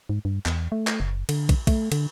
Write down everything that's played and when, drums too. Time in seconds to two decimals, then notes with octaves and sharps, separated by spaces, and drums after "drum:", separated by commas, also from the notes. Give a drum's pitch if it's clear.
0.09 G#2
0.25 G2
0.46 E2, drum: clap
0.72 A3
0.87 drum: clap
1.00 F#1
1.29 D3, drum: cymbal
1.49 drum: kick, cymbal
1.67 A3, drum: kick, cymbal
1.92 D3, drum: cymbal